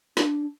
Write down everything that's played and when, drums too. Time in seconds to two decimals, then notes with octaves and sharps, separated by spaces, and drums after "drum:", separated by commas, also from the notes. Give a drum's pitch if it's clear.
0.17 D4, drum: snare